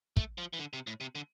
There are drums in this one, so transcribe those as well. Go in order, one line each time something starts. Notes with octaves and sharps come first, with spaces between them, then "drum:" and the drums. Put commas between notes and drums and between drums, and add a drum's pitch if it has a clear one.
A3, drum: kick
F3
E3
D3
C3
A2
C3
D3